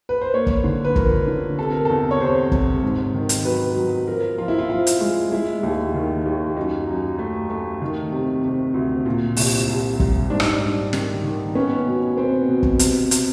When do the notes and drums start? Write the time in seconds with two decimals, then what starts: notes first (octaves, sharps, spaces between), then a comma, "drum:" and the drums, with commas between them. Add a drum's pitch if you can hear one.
0.09 B4
0.21 C5
0.34 A#3 C#5
0.47 drum: kick
0.64 D3
0.84 B4
0.96 F3 A#4, drum: kick
1.27 D3
1.58 C3 A4
1.72 A#4
1.85 E2 A4
2.11 C#5
2.20 C3 C5
2.52 C3, drum: kick
2.83 G#2
3.14 D#3
3.29 drum: hi-hat
3.45 F#3 B4
3.76 F#3
4.08 F3 A#4
4.38 F3 F4
4.48 E4
4.58 F4
4.70 F3 F4
4.87 drum: hi-hat
5.01 G#3
5.32 G#3 E4
5.63 D#2
5.94 D#3
6.25 D#2
6.57 F#2 D#4
6.87 F#2
7.19 A3
7.50 A3
7.82 D#3
8.12 C3
8.44 C3
8.74 D2
9.05 A#2
9.37 C2, drum: open hi-hat
9.68 C2
10.00 G3, drum: kick
10.30 G#2 D4
10.40 D#4, drum: rim click
10.49 D4
10.62 G3
10.93 D#3, drum: snare
11.24 D#3
11.55 B3 C#4
11.87 B2
12.17 B3 C4
12.49 B2
12.63 drum: kick
12.79 C3, drum: hi-hat
13.11 C3, drum: hi-hat